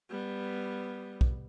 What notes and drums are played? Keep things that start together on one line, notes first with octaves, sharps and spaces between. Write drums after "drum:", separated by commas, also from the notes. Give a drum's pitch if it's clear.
G3 B3
drum: kick B1